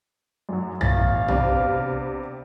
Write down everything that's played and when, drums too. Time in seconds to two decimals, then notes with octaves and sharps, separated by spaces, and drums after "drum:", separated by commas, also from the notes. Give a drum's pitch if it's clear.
0.49 F#2 F#3
0.81 A1 B2 F5 A6, drum: tom B1
1.28 C3 B3 D4, drum: tom B1